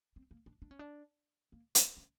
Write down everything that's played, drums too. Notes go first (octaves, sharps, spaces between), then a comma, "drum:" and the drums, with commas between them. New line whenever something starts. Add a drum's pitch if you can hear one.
C4
A#3
D4
D4
C#4
D4
A#3
G#3, drum: hi-hat
C#4